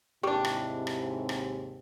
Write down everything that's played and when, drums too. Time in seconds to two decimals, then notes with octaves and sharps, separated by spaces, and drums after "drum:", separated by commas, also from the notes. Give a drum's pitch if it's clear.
0.23 D#2 G#2 C3 G3 D4 E4 G4 D6
0.45 drum: rim click
0.87 drum: rim click
1.29 drum: rim click